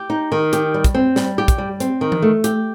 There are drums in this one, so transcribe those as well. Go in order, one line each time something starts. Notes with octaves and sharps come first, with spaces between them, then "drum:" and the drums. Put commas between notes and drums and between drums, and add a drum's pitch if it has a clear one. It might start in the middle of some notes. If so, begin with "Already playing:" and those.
Already playing: G4
D#4
D#3
G4, drum: hi-hat
G3
drum: kick, hi-hat
C4
G3, drum: snare
G4
drum: kick, hi-hat
G3
C4, drum: hi-hat
D#3
drum: tom E3
A3
G4, drum: hi-hat